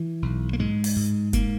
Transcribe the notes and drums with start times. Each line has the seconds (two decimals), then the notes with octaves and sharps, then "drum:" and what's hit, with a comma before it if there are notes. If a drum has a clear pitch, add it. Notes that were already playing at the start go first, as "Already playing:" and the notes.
Already playing: E3
0.22 B1
0.53 A#3
0.59 G#2 G#3
0.84 drum: open hi-hat
0.96 G#2
1.33 G#2 A#3, drum: kick F1, hi-hat